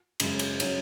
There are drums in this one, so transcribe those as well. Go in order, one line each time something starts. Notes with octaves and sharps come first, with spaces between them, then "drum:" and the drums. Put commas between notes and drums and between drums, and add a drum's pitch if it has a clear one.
F#2 C#3 G#3, drum: cymbal
drum: cymbal
C#3 F#3 C#4, drum: cymbal